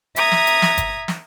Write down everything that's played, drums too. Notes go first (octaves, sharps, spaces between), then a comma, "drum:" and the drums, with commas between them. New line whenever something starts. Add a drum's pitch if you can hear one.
E5 A#5 D#6 G#6, drum: hi-hat
drum: snare
drum: hi-hat
drum: snare
drum: kick G1, hi-hat
drum: snare